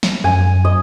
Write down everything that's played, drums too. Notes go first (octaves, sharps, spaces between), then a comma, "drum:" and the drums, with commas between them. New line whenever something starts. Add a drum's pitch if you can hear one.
drum: snare
F#2 G#5
D#5